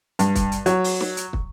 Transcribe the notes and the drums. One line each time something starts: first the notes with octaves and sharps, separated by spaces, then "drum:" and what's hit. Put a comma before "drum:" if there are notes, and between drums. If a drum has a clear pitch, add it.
G2, drum: hi-hat
drum: kick, hi-hat
drum: hi-hat
F#3, drum: hi-hat
drum: open hi-hat
drum: snare
drum: hi-hat
drum: kick